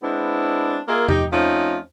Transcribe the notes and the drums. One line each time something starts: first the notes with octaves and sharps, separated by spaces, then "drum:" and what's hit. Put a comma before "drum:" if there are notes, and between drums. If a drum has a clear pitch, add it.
G#3 B3 C4 D4 E4
A#3 F4 G#4 A#4 E5
D#4 G4, drum: tom E2
F3 A3 C4 C#4 D#4